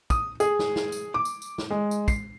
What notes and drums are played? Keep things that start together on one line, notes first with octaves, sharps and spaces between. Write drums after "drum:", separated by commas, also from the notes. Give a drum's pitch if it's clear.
D#6, drum: kick, tambourine
G#4, drum: tambourine
drum: snare
drum: snare
drum: tambourine
D6
drum: tambourine
drum: tambourine
drum: snare
G#3
drum: tambourine
C7, drum: kick, tambourine